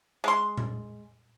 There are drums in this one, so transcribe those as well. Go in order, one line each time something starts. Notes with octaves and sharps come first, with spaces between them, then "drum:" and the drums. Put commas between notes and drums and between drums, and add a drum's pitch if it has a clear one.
G#3 C6
drum: tom A#2